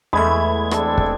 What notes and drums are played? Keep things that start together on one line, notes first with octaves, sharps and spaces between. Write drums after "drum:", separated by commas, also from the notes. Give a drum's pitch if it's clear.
E2 G#3 A3 B5 G#6
C4 D4 A4, drum: rim click
drum: kick